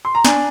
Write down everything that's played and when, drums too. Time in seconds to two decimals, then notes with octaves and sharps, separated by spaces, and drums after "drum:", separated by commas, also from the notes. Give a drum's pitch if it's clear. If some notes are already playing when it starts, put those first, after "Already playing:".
0.05 C6
0.15 A#5
0.25 D4 G#5, drum: snare